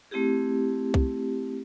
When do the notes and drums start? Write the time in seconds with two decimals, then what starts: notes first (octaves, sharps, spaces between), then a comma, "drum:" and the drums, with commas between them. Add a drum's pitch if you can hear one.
0.11 A3 C4 E4 G4 G#4
0.94 drum: kick C2